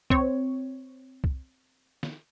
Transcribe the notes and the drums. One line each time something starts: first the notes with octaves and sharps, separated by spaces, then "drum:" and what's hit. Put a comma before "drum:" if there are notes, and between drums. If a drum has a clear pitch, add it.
C4 C#5, drum: kick C2
drum: kick C2
drum: snare